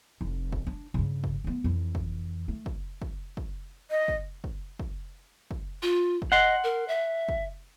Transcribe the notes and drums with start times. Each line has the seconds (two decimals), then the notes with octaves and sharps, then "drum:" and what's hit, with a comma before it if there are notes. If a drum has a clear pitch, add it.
0.21 F1
0.52 drum: kick
0.67 D4
0.94 G2 C#3
1.24 drum: kick
1.44 A3 B3
1.64 F2 E3
1.95 drum: kick
2.48 A3
2.66 drum: kick
3.02 drum: kick
3.37 drum: kick
3.91 D#5
4.08 drum: kick
4.44 drum: kick
4.79 drum: kick
5.51 drum: kick
5.82 F4
6.22 drum: kick
6.32 D#5 F#5 C6
6.64 A#4
6.88 E5
7.29 drum: kick